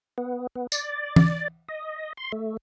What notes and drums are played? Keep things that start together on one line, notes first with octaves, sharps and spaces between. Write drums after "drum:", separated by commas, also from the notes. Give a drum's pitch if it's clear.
B3
B3
D5, drum: tambourine
drum: tom E3
D#5
C6
A3